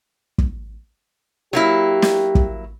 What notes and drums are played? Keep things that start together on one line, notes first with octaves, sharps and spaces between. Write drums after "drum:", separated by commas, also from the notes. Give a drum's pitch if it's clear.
drum: kick
F#3 A#3 E4 G4
drum: snare
drum: kick